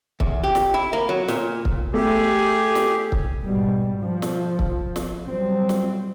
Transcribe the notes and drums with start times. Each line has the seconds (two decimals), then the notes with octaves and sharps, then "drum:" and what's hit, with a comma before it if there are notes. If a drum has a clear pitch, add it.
0.20 E2, drum: kick
0.44 G4
0.55 drum: snare
0.74 E4
0.93 A#3
1.09 F#3
1.28 A#2, drum: snare
1.65 drum: kick
1.94 A3 G4 G#4
2.75 drum: snare
3.12 drum: kick
3.43 G#2 B2 G3
4.01 F3
4.22 drum: snare
4.59 drum: kick
4.96 drum: snare
5.25 F#3 G3 C4
5.69 drum: snare